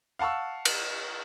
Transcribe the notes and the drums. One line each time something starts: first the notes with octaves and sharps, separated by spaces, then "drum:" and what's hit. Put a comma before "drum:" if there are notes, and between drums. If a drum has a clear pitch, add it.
F5 F#5 A5 C#6 E6
drum: cymbal